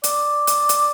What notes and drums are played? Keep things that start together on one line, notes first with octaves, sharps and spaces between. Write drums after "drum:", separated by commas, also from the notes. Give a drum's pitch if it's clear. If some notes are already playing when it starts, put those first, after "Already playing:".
D5, drum: hi-hat
drum: hi-hat
drum: hi-hat